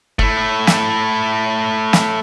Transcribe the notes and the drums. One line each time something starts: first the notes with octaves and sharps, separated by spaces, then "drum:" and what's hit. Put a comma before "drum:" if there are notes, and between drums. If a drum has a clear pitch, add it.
A3 E4, drum: kick
drum: snare
drum: snare